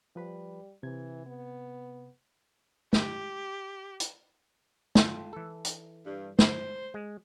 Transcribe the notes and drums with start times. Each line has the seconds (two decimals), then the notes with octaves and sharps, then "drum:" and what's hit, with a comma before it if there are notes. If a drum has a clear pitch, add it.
0.16 F3 G3 B4 B5
0.83 C3 E3 G#6
1.26 B3
2.93 G4, drum: snare
4.00 drum: hi-hat
4.95 F4 A4 G5, drum: snare
5.33 E3 A4
5.65 drum: hi-hat
6.06 G2
6.39 C5, drum: snare
6.94 G#3